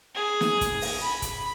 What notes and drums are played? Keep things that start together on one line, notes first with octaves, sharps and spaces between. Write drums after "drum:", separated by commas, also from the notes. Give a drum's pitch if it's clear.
G#4
drum: snare
drum: kick, hi-hat
drum: open hi-hat
B5
drum: kick, hi-hat